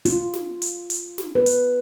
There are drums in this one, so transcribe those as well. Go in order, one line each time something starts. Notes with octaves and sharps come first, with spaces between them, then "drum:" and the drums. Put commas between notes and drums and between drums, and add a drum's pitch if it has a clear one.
F4, drum: hi-hat
drum: snare
drum: hi-hat
drum: hi-hat
drum: snare
B4
drum: hi-hat